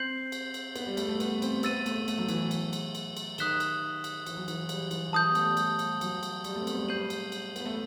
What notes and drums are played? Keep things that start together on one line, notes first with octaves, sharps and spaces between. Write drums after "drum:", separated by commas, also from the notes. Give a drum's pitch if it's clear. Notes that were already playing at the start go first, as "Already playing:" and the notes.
Already playing: C4 G6 C7 F#7
drum: cymbal
drum: cymbal
B3, drum: cymbal
G3
A3, drum: cymbal
A3
B3, drum: cymbal
C4, drum: cymbal
B3 E6 A6 D#7, drum: cymbal
A3, drum: cymbal
A3, drum: cymbal
F#3
E3, drum: cymbal
drum: cymbal
drum: cymbal
drum: cymbal
drum: cymbal
D#3 D#6 F#6 B6 E7 G7, drum: cymbal
drum: cymbal
drum: cymbal
E3, drum: cymbal
F#3
E3, drum: cymbal
G3, drum: cymbal
E3, drum: cymbal
E3 A5 D#6 G6
G3
B3
A3, drum: cymbal
G3
G3, drum: cymbal
drum: cymbal
F#3, drum: cymbal
drum: cymbal
G3, drum: cymbal
A3
C4
B3, drum: cymbal
G3
G3 G6 C7 D#7 F#7
drum: cymbal
drum: cymbal
B3, drum: cymbal
A3